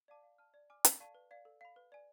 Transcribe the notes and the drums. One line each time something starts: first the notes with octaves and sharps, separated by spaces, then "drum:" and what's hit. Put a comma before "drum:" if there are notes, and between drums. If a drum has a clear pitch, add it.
D5 F5 A5 D6
F5
A5 F6
D5
G#5 D6 F6
A4, drum: hi-hat
D5 F5 A5 C#6
B4
D5 F5
A4
F5 B5
B4
D5 G#5